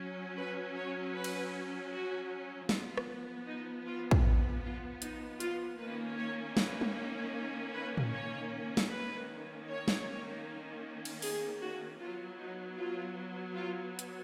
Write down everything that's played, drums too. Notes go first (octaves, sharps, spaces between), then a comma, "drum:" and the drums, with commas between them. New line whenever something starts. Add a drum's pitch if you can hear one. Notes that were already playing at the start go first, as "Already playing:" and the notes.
Already playing: F#3 C#4
B4
C#5
B4
drum: cymbal
F#4
F3 B3 F4, drum: snare
drum: rim click
D#4
F4
drum: kick
F4
D#4, drum: hi-hat
F4, drum: hi-hat
D#3 A#3 C#4 B4
C#5
B4, drum: snare
drum: tom
B4
drum: tom A2
C#5
drum: snare
D#3 A#3 C#4 B4
C#5
drum: snare
drum: cymbal
G#4, drum: open hi-hat
F#4
F#3 B3 F4
D#4
F4
F4
drum: hi-hat